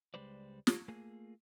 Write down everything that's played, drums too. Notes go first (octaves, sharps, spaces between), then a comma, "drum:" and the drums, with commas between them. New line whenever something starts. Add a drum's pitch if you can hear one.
C#2 G3 G#3 B4 C5 D5
drum: snare
A3 A#3 F4 G#4